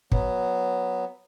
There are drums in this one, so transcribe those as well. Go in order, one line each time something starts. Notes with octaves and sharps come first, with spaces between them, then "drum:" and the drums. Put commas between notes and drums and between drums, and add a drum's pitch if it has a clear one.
F#3 B3, drum: kick